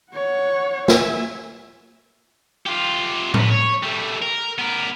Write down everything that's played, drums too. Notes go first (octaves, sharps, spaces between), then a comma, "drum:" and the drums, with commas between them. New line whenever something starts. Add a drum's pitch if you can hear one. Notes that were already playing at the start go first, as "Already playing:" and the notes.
C#5 F#5
E5 G#5, drum: snare
F4 G4
G2 B3, drum: tom A2
C#5
G3 A3
A#4
B3 A#4